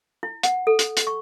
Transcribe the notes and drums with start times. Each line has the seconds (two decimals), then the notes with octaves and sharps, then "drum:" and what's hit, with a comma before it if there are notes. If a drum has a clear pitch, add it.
0.23 E4
0.43 F#5, drum: hi-hat
0.67 A4
0.79 drum: hi-hat
0.97 drum: hi-hat
1.07 C#6